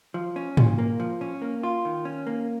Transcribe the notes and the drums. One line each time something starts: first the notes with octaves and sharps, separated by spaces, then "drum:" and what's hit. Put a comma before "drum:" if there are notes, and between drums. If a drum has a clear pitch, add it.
F3
C#4
A#2, drum: tom G#2
A#3
F3
C#4
A#3
F4
D#3
C#4
A#3